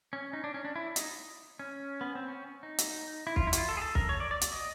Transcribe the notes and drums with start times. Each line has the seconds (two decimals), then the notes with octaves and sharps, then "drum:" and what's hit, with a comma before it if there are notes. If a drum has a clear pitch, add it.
0.13 C#4
0.33 D#4
0.44 D4
0.54 C#4
0.65 D4
0.76 E4
0.96 D#4, drum: hi-hat
1.59 C#4
2.01 B3
2.15 C4
2.28 C#4
2.63 D#4
2.78 drum: hi-hat
3.27 E4
3.36 F4, drum: kick
3.47 E4
3.53 F#4, drum: hi-hat
3.58 F4
3.69 A4
3.77 G#4
3.82 A4
3.95 A#4, drum: kick
4.09 C#5
4.20 D5
4.31 D5
4.41 D5, drum: hi-hat
4.52 D#5